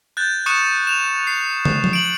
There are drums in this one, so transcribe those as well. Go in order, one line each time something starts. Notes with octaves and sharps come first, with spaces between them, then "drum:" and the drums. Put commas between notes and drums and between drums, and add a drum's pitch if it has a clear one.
F#6 G6 A6
C#6 D#6 F#6 C#7 E7
E7 F7
C7
drum: tom
drum: tom F3
D7 F#7